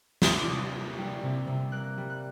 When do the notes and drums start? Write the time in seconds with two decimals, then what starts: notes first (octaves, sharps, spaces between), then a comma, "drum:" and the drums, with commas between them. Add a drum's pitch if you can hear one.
0.22 G3 D#6, drum: snare
0.35 D6
0.47 C3 D#6
0.72 A#3
0.98 G3
1.23 C3
1.47 C3
1.72 A#3 F#6
1.98 G3
2.10 F#6